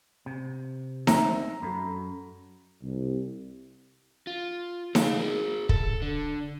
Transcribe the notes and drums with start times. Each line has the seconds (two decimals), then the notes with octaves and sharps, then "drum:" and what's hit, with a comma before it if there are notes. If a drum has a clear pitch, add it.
0.26 C3
1.07 C4 E5 A#5, drum: snare D#4
1.62 F#2 F#4 A4 B5
2.82 C2
4.27 F4
4.95 G#4 F5, drum: snare D#4
5.19 G#4 A#4
5.69 A4, drum: kick
6.02 D3